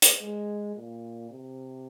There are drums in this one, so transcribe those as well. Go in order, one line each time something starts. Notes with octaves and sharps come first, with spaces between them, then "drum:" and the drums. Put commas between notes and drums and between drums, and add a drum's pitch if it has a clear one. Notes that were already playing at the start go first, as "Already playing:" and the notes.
drum: hi-hat
G#3
A#2
C3